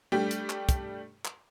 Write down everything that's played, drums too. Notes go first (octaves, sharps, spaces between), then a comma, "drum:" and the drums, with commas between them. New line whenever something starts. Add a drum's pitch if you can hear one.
G3 A3 D4 G4
drum: hi-hat
drum: clap
drum: kick, hi-hat
drum: clap